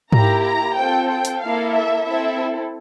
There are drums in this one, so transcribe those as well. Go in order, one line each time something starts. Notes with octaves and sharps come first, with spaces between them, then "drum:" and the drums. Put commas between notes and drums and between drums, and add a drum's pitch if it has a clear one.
A#3 E4 G4 A#5, drum: tom G#2
A#5
C4 F4 A4 G5
G5
drum: hi-hat
A#3 E4 A4 F5
E5
C4 E4 A4 E5